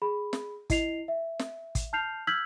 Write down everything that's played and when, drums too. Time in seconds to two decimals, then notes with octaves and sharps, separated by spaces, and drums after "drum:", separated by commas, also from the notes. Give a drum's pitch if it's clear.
0.02 G#4 B5
0.33 drum: snare
0.70 E4 D#5 C7 F7, drum: kick, hi-hat
1.08 E5
1.39 drum: snare
1.75 drum: kick, hi-hat
1.93 A5 F6 G6 C7 F7
2.27 E6 F6 G6 G#6 B6 F#7